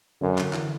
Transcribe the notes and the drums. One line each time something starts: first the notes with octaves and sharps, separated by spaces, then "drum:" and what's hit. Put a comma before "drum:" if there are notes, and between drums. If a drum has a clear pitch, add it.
F#2 D3
D3, drum: clap
E3, drum: clap